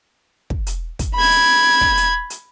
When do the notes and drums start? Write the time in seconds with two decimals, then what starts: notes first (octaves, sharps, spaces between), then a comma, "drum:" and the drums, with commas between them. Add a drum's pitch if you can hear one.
0.50 drum: kick
0.67 drum: hi-hat
0.99 drum: kick, hi-hat
1.16 B5 G#6
1.32 drum: hi-hat
1.81 drum: kick
1.97 drum: hi-hat
2.30 drum: hi-hat